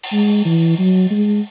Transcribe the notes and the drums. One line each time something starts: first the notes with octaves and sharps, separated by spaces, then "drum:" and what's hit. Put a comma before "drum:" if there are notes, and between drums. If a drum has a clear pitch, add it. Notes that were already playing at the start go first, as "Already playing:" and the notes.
drum: open hi-hat
G#3
E3
F#3
G#3